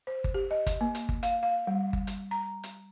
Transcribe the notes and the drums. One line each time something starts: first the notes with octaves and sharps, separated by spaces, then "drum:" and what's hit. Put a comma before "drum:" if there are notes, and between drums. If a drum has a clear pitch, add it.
C5
drum: kick G1
G4
D#5
drum: kick G1, hi-hat
A#3
drum: hi-hat
drum: kick G1
F5, drum: hi-hat
F5
G3
drum: kick G1
drum: hi-hat
A#5
drum: hi-hat